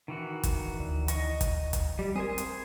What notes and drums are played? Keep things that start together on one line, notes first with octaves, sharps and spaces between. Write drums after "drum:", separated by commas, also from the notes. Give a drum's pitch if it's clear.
D#3 E3 F#4
drum: kick, hi-hat
D2
D#5 C#6, drum: hi-hat
drum: kick, hi-hat
drum: kick, hi-hat
G3
C4 G#4 A#4 C5 G#5
drum: hi-hat